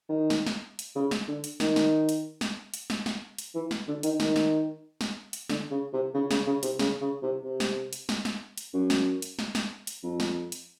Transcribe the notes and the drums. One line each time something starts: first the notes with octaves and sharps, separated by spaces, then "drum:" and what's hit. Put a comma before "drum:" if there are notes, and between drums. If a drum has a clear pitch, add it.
D#3
drum: snare
drum: snare
drum: hi-hat
C#3
drum: snare
D3
drum: hi-hat
D#3, drum: snare
drum: snare
drum: hi-hat
drum: snare
drum: hi-hat
drum: snare
drum: snare
drum: hi-hat
E3
drum: snare
D3
D#3, drum: hi-hat
D#3, drum: snare
drum: snare
drum: snare
drum: hi-hat
D3, drum: snare
C#3
C3
C#3
C#3, drum: snare
C#3
C3, drum: hi-hat
C#3, drum: snare
C#3
C3
C3
drum: snare
drum: hi-hat
drum: snare
drum: snare
drum: hi-hat
F#2
drum: snare
drum: hi-hat
drum: snare
drum: snare
drum: hi-hat
F2
drum: snare
drum: hi-hat